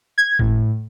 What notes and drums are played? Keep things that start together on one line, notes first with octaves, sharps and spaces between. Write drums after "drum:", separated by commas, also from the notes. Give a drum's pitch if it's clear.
G#6
A2, drum: kick G1